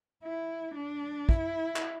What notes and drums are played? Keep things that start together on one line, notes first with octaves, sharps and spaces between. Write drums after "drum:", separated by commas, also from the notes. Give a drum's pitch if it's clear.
E4
D4
E4, drum: kick
drum: clap